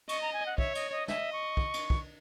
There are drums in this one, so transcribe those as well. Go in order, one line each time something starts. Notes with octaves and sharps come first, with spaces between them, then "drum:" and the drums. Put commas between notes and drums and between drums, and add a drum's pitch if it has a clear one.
D#5 C#6, drum: cymbal
A#5
G#5
F#5
C#5 E5, drum: kick
D#5, drum: cymbal
D#5
D#5 E5, drum: snare
C#6
drum: kick
drum: cymbal
drum: kick